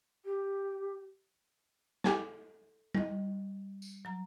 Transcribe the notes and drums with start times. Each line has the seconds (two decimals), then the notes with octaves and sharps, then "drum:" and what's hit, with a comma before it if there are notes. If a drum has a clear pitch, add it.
0.25 G4
2.04 G4 A4 G#5 D6, drum: snare
2.94 G3 D#5, drum: tom G3
3.82 drum: tambourine
4.05 F#3 A#5